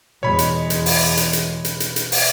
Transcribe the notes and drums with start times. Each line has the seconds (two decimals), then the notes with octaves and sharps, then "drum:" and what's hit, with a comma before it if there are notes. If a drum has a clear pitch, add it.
0.23 E2 B2 G#3 C#5 B5
0.39 drum: hi-hat
0.70 drum: hi-hat
0.86 drum: open hi-hat
1.17 drum: hi-hat
1.33 drum: hi-hat
1.65 drum: hi-hat
1.80 drum: hi-hat
1.96 drum: hi-hat
2.12 drum: open hi-hat